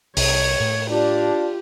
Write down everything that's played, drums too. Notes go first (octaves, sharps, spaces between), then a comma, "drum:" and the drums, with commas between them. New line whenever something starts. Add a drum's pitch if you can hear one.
C2 C#5, drum: open hi-hat
A2
D4 F4 G4